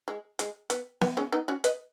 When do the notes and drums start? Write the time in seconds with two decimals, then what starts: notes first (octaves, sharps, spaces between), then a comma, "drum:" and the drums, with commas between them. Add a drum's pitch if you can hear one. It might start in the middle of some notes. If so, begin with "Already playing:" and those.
0.08 G#3
0.39 G#3, drum: hi-hat
0.70 B3, drum: hi-hat
1.01 B3, drum: snare B3
1.17 G#3 C#4
1.32 B3 D#4
1.48 C#4 F#4
1.64 B4 D#5, drum: hi-hat